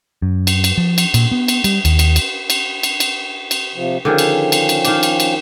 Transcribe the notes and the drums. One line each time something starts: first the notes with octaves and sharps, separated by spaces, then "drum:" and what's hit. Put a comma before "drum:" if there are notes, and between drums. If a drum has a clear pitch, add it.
F#2
drum: cymbal
drum: cymbal
F3
drum: cymbal
A#2, drum: cymbal
B3
drum: cymbal
G3, drum: cymbal
D#2, drum: cymbal
drum: cymbal
drum: cymbal
drum: cymbal
drum: cymbal
drum: cymbal
drum: cymbal
C3 F3
D3 D#3 F3 C#4 G#4 G5
drum: cymbal
drum: cymbal
drum: cymbal
D#3 D4, drum: cymbal
drum: cymbal
drum: cymbal